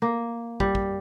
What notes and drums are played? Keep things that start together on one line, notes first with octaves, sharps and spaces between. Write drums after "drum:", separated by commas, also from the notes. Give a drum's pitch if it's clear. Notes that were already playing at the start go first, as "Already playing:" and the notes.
A#3
G3, drum: kick
drum: kick